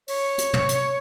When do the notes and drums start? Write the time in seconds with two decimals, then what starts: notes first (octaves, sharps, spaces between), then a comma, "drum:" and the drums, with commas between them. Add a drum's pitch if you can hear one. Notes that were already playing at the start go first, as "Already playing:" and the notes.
0.08 C#5, drum: open hi-hat
0.38 drum: hi-hat
0.53 drum: tom
0.69 drum: hi-hat